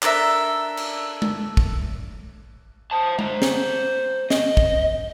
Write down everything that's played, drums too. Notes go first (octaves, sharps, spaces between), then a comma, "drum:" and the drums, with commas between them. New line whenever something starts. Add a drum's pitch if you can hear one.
D4 A4 A#4 E5, drum: clap
drum: cymbal
drum: tom G#3
drum: kick
C5 A5
C5 A#5, drum: tom G#3
drum: snare
D#5, drum: snare
drum: kick